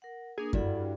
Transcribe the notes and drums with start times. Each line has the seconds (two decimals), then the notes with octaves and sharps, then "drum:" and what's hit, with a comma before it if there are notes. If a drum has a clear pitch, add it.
0.02 A#4 F#5
0.38 A#3 D4 G#4 A#4
0.53 G2 E4 F#4 A4 D5 F#5, drum: kick F#2